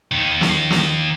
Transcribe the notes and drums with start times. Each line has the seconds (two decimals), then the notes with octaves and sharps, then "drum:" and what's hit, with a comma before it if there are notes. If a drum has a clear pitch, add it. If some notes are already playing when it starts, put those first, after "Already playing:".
0.12 D#2 D#3
0.41 drum: snare
0.71 drum: snare